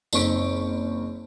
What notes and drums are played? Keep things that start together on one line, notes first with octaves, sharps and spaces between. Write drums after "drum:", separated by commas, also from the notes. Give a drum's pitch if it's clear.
F#1 C4 D#4 C#6 D7, drum: tambourine